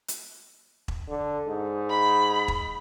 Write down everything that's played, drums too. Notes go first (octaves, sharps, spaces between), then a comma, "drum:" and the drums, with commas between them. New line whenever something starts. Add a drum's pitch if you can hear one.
drum: hi-hat
drum: kick E1
D3
G#2
B5
drum: kick E1